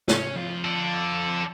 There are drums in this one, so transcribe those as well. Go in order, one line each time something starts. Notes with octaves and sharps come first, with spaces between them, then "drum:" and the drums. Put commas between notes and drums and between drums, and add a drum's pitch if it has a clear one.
C#4, drum: snare
F2 F4
A4 D5